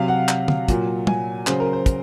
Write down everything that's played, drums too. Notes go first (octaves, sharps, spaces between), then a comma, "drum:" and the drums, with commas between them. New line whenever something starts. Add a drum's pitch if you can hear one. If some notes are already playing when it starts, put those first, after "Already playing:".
Already playing: C3 F#3 F5
F#5
drum: clap
drum: tom
A#2 F#3, drum: kick, hi-hat
G#5, drum: tom
C#3 F#3 C5, drum: clap
A#4
C5
drum: kick, hi-hat